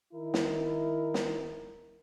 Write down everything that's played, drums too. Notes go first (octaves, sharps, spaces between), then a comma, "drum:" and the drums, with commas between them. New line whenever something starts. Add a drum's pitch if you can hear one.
D#3 E4 A#4
drum: snare
drum: snare